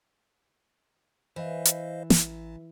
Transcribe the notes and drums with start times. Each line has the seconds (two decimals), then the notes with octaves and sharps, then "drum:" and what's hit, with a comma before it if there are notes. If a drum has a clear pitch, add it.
1.36 E3 C5 D#5 F5
1.65 drum: hi-hat
2.10 A1, drum: snare